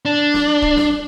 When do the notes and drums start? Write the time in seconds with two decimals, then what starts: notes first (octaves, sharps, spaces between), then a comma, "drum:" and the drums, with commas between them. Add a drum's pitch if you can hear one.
0.05 D4
0.34 drum: snare
0.62 drum: kick C#1
0.76 drum: snare